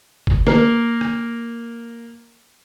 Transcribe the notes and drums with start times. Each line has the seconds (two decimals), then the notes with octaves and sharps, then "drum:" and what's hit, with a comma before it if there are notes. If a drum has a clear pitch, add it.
0.27 drum: kick
0.47 A#3 A#4, drum: snare
1.01 drum: rim click